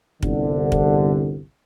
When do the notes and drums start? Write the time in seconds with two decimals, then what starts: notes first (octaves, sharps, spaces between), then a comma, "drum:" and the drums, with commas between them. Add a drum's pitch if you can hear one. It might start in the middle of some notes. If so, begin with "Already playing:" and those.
0.23 G1 C2 D3, drum: kick
0.72 drum: kick